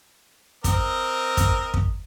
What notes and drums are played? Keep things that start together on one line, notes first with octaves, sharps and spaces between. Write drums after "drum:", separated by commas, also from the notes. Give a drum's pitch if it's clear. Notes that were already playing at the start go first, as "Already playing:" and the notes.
C4 A#4 D#5, drum: kick, hi-hat
drum: kick, hi-hat
drum: kick